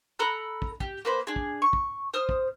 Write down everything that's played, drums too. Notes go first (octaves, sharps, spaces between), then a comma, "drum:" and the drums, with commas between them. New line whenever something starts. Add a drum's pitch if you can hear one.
A4 A#5 B5 F#6
drum: kick
G4, drum: kick
A#3 B4 C5
D4 G#4
drum: kick
C#6
drum: kick
C5 D#6 F6
drum: kick